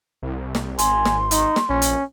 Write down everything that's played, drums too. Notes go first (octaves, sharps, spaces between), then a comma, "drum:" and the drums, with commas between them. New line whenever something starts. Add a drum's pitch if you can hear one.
C2
drum: snare
G#1 G#5 C6, drum: hi-hat
drum: snare
D#4, drum: hi-hat
drum: snare
A#1 C#4
drum: hi-hat